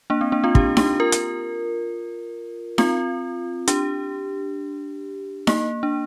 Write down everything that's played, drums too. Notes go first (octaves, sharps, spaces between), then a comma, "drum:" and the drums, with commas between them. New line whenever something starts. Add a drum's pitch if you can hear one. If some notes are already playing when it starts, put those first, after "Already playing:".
A#3 D4
C4
A#3 D4
C4 F4
D4 G4, drum: kick
D4 G4, drum: snare D#4
F4 A#4
drum: hi-hat
C4 F4, drum: snare D#4
D4 G4, drum: hi-hat
A#3, drum: snare D#4
D4